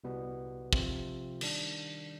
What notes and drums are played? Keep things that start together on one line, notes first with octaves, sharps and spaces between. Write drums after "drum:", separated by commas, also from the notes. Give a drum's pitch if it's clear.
C2 B2 G3 B3
C3 F3 C4 F4, drum: kick
D#3 G3 D4, drum: cymbal